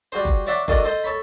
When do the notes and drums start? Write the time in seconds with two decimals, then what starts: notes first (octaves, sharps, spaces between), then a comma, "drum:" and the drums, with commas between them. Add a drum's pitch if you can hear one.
0.12 G3 F#4 G#4 C5
0.25 drum: kick F#1
0.47 C#5 D5 E5 F#5 C6
0.68 D#3 D4 F#4 G#4 A4 D#5, drum: kick F#1
0.84 A4 C5 D#5
1.04 A4 C#5 B5